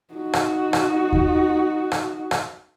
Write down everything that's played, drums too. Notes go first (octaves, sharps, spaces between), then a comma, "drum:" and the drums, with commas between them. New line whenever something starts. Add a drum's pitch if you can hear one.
D#4 F#4
drum: rim click
drum: rim click
drum: kick D#2
drum: rim click
drum: rim click